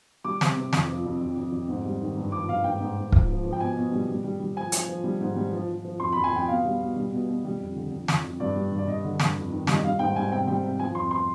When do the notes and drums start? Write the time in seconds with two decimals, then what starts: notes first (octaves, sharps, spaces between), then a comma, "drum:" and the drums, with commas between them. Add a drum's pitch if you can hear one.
0.24 G3 D6
0.41 C3, drum: snare
0.57 C3
0.73 F2, drum: snare
0.88 F3
1.05 F2
1.21 F2
1.37 F2
1.52 F2
1.68 G#2
1.85 G3
2.01 D#3
2.17 G2
2.32 F3 D6
2.48 G2 F5
2.64 G#2 G5
2.81 G#2
2.97 G#2
3.12 F3, drum: kick
3.29 F3
3.45 F3
3.52 G5
3.60 B2 G#5
3.76 B2
3.92 G3
4.08 G3
4.24 G3
4.40 G3
4.56 F3 G#5
4.72 F3, drum: hi-hat
4.88 F3
5.04 G3
5.21 G#2
5.36 G3
5.52 F3
5.68 F3
5.84 F3
6.00 F2 C6
6.12 F2 B5
6.24 G#5
6.32 F2 G5
6.48 B2 F5
6.65 G3
6.81 B2
6.96 G3
7.12 B2
7.28 B2
7.45 G3
7.60 F2
7.75 D3
7.91 F2
8.08 F2, drum: snare
8.24 F2
8.40 G2 D5
8.56 G3
8.71 G2
8.78 D5
8.87 G2 D#5
9.04 D3
9.20 G2, drum: snare
9.36 F2
9.51 D#3
9.67 G3 D#5, drum: snare
9.84 G3 F5
9.99 G#2 G5
10.16 G3 G#5
10.32 C3 G5
10.47 G3 G5
10.63 C3
10.79 F3 G#5
10.95 F2 C6
11.11 C6